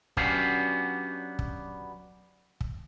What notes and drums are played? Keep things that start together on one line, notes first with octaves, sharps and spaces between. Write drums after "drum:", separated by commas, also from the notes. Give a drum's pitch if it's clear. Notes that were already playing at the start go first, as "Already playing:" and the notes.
F#3 B3 C#4 D4 G4 F5, drum: kick
drum: kick
drum: kick